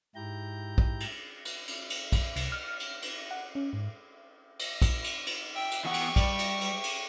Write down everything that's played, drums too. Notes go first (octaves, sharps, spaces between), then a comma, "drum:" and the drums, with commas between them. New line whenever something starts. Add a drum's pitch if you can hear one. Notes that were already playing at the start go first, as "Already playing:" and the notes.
G#2 E4 G4 A#5 G6
drum: kick A#1
drum: cymbal
drum: cymbal
drum: cymbal
drum: cymbal
drum: kick A#1, cymbal
C2, drum: cymbal
F6
drum: cymbal
drum: cymbal
F#5
C#4
G#2
drum: cymbal
drum: kick A#1, cymbal
drum: cymbal
drum: cymbal
E5 G5
drum: cymbal
E3 B3 G4 F#5 C#6
drum: cymbal
G3, drum: kick A#1, cymbal
drum: cymbal
drum: cymbal
drum: cymbal